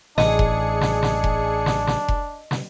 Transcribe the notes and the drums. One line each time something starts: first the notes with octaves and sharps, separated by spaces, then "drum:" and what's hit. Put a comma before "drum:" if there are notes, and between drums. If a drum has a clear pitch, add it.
A1 D4 G#4 D#5 C#7, drum: snare
drum: kick F1
drum: snare
drum: snare
drum: kick F1
drum: snare
drum: snare
drum: kick F1
drum: snare